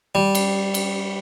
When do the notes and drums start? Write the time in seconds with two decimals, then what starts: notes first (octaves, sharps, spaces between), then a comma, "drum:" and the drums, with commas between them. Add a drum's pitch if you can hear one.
0.15 G3
0.35 drum: cymbal
0.74 drum: cymbal